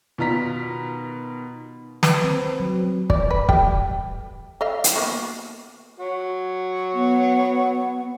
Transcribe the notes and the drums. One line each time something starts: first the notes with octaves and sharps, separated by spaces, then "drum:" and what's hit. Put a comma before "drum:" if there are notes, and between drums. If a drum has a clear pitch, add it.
B2 D#3 F4 A#5 B6
B4, drum: snare
C4
F#3
D5, drum: kick
B4
G3 A3 G5, drum: kick
A4 D#5 F5
drum: hi-hat
A#3 B3 F#4
F#4 C#5
B3